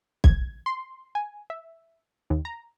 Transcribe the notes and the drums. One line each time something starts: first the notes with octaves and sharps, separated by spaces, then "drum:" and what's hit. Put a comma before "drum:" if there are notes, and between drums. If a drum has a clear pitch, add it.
G#6, drum: kick B1
C6
G#5
E5
D#2
A#5